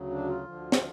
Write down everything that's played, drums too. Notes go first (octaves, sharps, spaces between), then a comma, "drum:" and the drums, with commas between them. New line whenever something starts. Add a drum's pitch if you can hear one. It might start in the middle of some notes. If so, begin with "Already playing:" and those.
Already playing: D2 C#3 F#3
D4
F4
D2 D3 F3
drum: snare